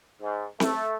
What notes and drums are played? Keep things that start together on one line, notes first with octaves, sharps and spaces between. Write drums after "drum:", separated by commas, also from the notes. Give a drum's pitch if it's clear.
G#2
A3, drum: snare C4